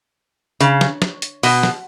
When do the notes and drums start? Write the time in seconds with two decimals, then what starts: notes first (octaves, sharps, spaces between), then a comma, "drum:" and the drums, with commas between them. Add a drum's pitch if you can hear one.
0.61 C#3, drum: hi-hat
0.81 drum: snare
1.02 drum: snare
1.22 drum: hi-hat
1.43 B2, drum: open hi-hat
1.63 drum: snare